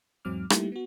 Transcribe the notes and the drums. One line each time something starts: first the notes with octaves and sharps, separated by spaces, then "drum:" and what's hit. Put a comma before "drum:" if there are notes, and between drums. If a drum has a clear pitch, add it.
E2 G#2 F#3 C4 D6 F6
G3 A3 A#3 D#4 E4 G4, drum: rim click
B3 F#4